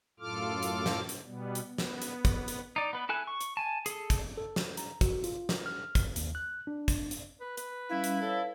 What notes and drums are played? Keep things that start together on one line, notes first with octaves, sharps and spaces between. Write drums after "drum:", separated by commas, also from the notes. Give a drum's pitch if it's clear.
F#2 A2 F4 A4 D6 F6
drum: hi-hat
drum: snare
drum: hi-hat
B2 G3 B3
drum: hi-hat
B3
drum: snare
drum: hi-hat
drum: kick, hi-hat
drum: hi-hat
D#4 D5
B3 B4
E4 A4 G#5 F#6
C#6
drum: hi-hat
G#5 A5
G#4 A4, drum: hi-hat
drum: kick, hi-hat
A4
drum: snare
A#5, drum: hi-hat
F#4, drum: kick, hi-hat
F4, drum: hi-hat
drum: snare
F6
drum: kick, hi-hat
D#2, drum: hi-hat
F#6
D4
drum: kick, hi-hat
drum: hi-hat
B4
B4, drum: hi-hat
G3 C#4 E4 F5
drum: hi-hat
A4 B4 C#5 F5